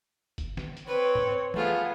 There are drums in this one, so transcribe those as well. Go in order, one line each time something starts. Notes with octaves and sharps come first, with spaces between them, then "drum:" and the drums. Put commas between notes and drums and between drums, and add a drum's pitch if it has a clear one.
drum: kick G1, hi-hat
drum: snare
drum: hi-hat
C4 B4 C#5
drum: tom
A3 B3 F4 G#4, drum: tom